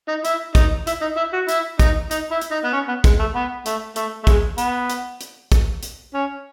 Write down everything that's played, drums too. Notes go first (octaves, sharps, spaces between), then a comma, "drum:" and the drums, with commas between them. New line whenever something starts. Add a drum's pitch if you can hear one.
D#4
E4, drum: hi-hat
D#4, drum: kick, hi-hat
E4, drum: hi-hat
D#4
E4
F#4
E4, drum: hi-hat
D#4, drum: kick, hi-hat
D#4, drum: hi-hat
E4
drum: hi-hat
D#4
B3
C#4
B3
G#3, drum: kick, hi-hat
A3
B3
A3, drum: hi-hat
A3, drum: hi-hat
A3
G#3, drum: kick, hi-hat
B3, drum: hi-hat
drum: hi-hat
drum: hi-hat
drum: kick, hi-hat
drum: hi-hat
C#4